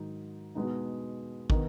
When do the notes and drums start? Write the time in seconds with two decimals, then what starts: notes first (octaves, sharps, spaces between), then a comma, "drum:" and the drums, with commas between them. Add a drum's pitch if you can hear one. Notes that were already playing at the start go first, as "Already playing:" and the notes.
Already playing: G#2 D#3 F#3 D#4
0.55 B2 G#3 B3 D#4
1.50 D#3 B3 D#4, drum: kick